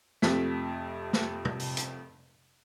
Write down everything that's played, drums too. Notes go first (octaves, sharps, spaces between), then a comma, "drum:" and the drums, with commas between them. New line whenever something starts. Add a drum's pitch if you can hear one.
F2 C3 F3 A3 B6, drum: snare
drum: snare
drum: tom
drum: open hi-hat
drum: hi-hat